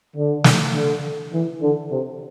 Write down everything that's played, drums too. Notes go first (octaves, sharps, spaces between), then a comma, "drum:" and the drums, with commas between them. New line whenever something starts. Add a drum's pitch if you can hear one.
D3
drum: snare
D3
E3
D3
C3